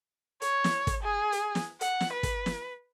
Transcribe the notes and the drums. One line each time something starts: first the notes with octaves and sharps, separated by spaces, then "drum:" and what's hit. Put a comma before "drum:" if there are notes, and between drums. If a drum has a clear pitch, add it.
C#5, drum: hi-hat
drum: snare
drum: kick, hi-hat
G#4
drum: hi-hat
drum: snare
F#5, drum: hi-hat
drum: snare
B4
drum: kick, hi-hat
drum: snare